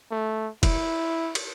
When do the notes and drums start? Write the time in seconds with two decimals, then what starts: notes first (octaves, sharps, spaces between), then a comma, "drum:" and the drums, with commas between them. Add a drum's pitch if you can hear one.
0.11 A3
0.63 E4, drum: kick, cymbal
1.35 drum: cymbal